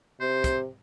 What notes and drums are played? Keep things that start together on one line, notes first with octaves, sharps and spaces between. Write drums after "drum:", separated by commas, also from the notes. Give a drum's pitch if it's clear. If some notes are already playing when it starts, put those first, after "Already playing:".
C3 C5
drum: kick, hi-hat